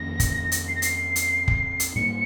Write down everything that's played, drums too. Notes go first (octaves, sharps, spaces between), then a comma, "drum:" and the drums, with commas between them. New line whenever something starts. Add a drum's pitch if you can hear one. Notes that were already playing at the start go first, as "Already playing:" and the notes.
Already playing: F2 D#3 A#3 C#4 A#6
drum: kick, hi-hat
drum: hi-hat
C7
A#6
C7, drum: hi-hat
drum: hi-hat
drum: kick
drum: hi-hat
G#2 G3 A#3 C#7